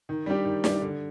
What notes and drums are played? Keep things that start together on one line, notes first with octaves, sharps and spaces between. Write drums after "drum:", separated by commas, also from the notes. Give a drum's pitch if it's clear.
D#3
G3 D4 G4
D#3
G3 D4 G4, drum: snare
D3